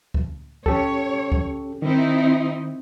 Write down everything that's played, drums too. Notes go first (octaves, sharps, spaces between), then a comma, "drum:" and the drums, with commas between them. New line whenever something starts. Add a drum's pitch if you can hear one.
drum: kick C#2
C#4 G4 A4 C#5, drum: kick C#2
drum: kick C#2
D#3 C4 D#4 E4